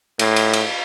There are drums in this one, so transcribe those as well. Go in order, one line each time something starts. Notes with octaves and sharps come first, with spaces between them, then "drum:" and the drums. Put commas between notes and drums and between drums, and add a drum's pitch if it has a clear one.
A2, drum: cymbal
drum: cymbal
drum: cymbal